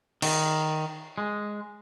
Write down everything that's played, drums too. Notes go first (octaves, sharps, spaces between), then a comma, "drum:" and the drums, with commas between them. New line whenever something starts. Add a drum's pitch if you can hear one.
D#3, drum: cymbal
G#3